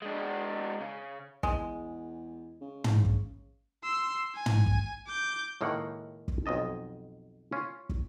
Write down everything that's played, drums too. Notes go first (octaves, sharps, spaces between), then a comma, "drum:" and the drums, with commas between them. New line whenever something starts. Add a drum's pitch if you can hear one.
G#3 D4
C#3
E2 G#3, drum: kick
C#3
drum: tom
drum: kick
C6 E6
G#5
drum: tom
drum: kick
D6 G6
C#2 A2 D#3 A#3 A#4 F#5
drum: kick
B1 F2 D#5 A5
C#4 F4
drum: kick